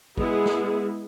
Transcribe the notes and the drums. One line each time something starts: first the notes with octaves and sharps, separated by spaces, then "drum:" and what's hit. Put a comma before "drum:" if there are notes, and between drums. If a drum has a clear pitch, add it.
G#3 B3 E4 G#4, drum: kick
drum: snare